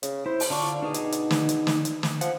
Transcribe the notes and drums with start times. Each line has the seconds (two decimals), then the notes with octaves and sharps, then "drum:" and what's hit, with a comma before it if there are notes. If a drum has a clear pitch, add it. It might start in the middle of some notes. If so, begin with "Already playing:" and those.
0.03 C#3, drum: hi-hat
0.26 E4 C5
0.40 drum: open hi-hat
0.50 D3 D4 F4 C#6
0.82 B2 D4 D#4 G#4
0.94 drum: hi-hat
1.12 drum: hi-hat
1.31 drum: snare
1.49 drum: hi-hat
1.67 drum: snare
1.85 drum: hi-hat
2.03 drum: snare
2.21 F3 F#5, drum: hi-hat